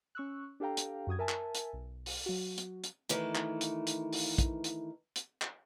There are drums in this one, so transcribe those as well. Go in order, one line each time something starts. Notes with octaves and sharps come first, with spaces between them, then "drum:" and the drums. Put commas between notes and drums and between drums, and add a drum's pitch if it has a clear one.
C#4 C#6 E6 F#6
D4 G4 A4 F5 G5 A#5
drum: hi-hat
F#2 F#4 D#6 G#6
A#4 E5 G#5 A5
drum: clap
drum: hi-hat
B1
drum: open hi-hat
F#3 F#4
drum: hi-hat
drum: hi-hat
D#3 E3 A3, drum: hi-hat
drum: clap
drum: hi-hat
drum: hi-hat
drum: open hi-hat
drum: kick, hi-hat
drum: hi-hat
drum: hi-hat
drum: clap